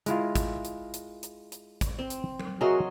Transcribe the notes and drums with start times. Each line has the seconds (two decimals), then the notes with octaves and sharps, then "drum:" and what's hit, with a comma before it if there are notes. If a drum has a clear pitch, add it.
0.06 G#3 E4 F4 A#4, drum: hi-hat
0.35 drum: kick, hi-hat
0.65 drum: hi-hat
0.94 drum: hi-hat
1.23 drum: hi-hat
1.52 drum: hi-hat
1.81 drum: kick, hi-hat
1.99 C4
2.10 drum: hi-hat
2.40 drum: tom
2.61 F#3 F#4 G#4 A#4 D#5 E5 C6